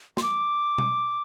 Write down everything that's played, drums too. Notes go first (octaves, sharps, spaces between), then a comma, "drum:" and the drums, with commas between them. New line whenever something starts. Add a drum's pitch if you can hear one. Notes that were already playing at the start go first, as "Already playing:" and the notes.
C6, drum: snare
D6
drum: tom B2